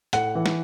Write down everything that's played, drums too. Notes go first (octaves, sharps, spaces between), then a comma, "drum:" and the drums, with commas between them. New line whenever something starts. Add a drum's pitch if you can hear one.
A2 F#5, drum: hi-hat
E3
drum: snare